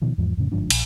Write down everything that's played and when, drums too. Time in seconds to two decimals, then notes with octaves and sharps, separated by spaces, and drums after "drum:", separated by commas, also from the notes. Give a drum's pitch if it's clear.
0.02 B2 D#3 F3
0.18 E2 G#2 F3
0.37 F2 A2 C#3
0.52 G1 G#2 F3 D4
0.70 A#1, drum: cymbal